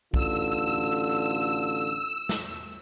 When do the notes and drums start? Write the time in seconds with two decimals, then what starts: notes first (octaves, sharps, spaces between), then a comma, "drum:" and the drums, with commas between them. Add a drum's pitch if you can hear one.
0.14 A1 D3 F4 E6, drum: kick
2.29 drum: snare